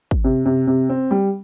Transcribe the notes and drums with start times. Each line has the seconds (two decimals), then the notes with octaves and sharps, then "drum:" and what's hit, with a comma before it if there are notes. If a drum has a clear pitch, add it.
0.11 drum: kick
0.24 C3
0.45 C3
0.67 C3
0.89 C4
1.11 G3